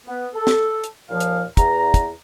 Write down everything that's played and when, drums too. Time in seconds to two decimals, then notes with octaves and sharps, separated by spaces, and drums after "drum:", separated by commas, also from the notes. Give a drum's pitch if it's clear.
0.06 B3
0.35 A4
0.47 drum: snare
0.84 drum: hi-hat
1.09 D#2 A#2 F3 F5
1.20 drum: hi-hat
1.57 E2 A#5, drum: kick, hi-hat
1.94 drum: kick, hi-hat